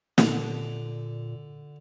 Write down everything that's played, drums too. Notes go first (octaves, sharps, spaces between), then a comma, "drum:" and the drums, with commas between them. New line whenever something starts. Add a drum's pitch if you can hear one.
A#2 D3, drum: snare